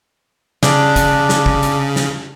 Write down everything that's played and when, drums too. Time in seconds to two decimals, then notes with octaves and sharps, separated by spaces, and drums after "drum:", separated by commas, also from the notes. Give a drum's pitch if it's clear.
0.63 C#3 D4, drum: snare
0.96 drum: kick, hi-hat
1.29 drum: snare
1.46 drum: kick
1.63 drum: hi-hat
1.96 drum: snare